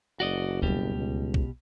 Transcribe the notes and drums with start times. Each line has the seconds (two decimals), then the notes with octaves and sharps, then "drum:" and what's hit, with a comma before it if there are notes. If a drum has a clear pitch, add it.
0.20 F#1 F#4 D5 D#5
0.62 D2 B2 G3 G4
0.96 C#2
1.34 drum: kick